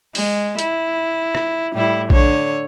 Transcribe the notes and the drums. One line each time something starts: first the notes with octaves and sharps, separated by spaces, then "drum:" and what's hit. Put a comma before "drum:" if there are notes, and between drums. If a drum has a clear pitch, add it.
G#3, drum: open hi-hat
E4, drum: hi-hat
drum: rim click
A2 G3 E4
D3 C#5, drum: kick A#1